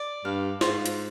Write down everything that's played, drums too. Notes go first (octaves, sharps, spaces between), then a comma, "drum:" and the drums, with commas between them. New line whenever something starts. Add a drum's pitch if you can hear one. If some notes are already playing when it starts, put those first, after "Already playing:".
Already playing: D5
G2 F5
G#2 F4, drum: snare
drum: hi-hat